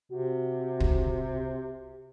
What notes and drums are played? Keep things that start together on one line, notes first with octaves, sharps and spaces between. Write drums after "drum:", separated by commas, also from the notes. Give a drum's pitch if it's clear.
C3 F#4
drum: kick